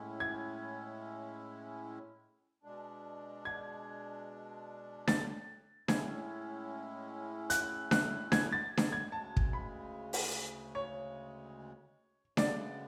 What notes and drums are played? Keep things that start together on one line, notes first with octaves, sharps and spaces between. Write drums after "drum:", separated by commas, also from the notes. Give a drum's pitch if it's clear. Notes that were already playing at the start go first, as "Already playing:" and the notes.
Already playing: A2 G#3 C#4 E4
G#6
B2 G#3 D4
G#6
A6, drum: snare D4
A2 G#3 C#4 E4 G#6, drum: snare D4
F#6, drum: hi-hat
F#6, drum: snare D4
G#6, drum: snare D4
A6
drum: snare D4
G#6
D2 C#3 G#3 A5
drum: kick
B5
drum: open hi-hat
C#5
F#2 C#3 G#3 B3 D5, drum: snare D4